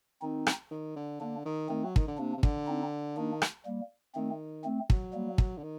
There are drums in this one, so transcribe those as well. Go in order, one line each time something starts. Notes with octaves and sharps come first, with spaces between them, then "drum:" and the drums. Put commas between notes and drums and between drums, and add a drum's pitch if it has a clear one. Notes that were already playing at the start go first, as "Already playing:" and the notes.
D#3 C4 D#4
drum: rim click
D#3
D3
D3 A#3 D4
D#3
D#3 A3 C4
F#3
D#3, drum: kick
D3
C3 A#3 D4
C3
D3, drum: kick
C4 D#4
D#3 A#3 D4
drum: rim click
G3 A#3
D#3 A3 C4
A3 C4
F#3, drum: kick
G3 A#3
drum: kick
D3
D#3